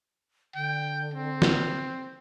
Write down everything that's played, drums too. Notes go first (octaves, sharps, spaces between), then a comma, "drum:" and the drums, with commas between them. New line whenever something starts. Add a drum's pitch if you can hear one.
D3 G5
C4
drum: snare